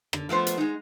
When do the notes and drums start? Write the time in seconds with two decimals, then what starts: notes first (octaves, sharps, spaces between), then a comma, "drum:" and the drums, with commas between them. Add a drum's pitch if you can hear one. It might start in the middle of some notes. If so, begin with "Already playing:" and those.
0.13 D3, drum: rim click
0.29 F3 A3 B3 C5
0.47 drum: hi-hat
0.58 G#3 D#4